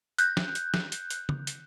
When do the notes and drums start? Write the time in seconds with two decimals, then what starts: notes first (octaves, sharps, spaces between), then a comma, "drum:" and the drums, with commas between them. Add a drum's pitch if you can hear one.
0.18 F#6 G6, drum: hi-hat
0.37 drum: snare
0.55 drum: hi-hat
0.74 drum: snare
0.92 drum: hi-hat
1.10 drum: hi-hat
1.29 drum: tom C#3
1.47 drum: hi-hat